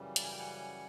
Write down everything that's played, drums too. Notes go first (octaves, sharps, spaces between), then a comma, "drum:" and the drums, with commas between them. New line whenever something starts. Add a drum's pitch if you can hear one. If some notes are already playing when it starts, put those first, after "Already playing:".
Already playing: F#2 C#3 E3 G3
A5, drum: hi-hat
G#5
G5
F#5 G#5